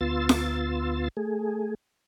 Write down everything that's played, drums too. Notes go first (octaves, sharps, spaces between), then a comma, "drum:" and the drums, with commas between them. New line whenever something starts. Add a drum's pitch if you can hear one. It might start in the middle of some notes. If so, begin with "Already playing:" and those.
D2 B3 F4 C6 E6 A6
drum: snare F4
A3 G#4